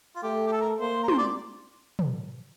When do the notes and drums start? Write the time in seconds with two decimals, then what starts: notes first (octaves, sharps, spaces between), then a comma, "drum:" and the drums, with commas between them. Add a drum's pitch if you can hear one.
0.16 F4
0.23 A3 G4
0.47 G4
0.52 A4
0.61 A#4
0.80 A#3 C5
1.03 A#4
1.08 C5, drum: tom
1.18 D5
1.99 drum: tom